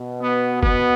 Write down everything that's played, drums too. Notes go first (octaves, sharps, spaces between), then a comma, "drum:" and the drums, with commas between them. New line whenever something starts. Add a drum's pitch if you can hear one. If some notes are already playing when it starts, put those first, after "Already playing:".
Already playing: B2
B3
B3, drum: kick